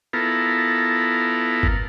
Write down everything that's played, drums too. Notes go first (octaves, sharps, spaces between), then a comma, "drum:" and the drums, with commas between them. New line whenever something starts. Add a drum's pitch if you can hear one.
B3 E4 F4 A4 A#4
drum: kick G1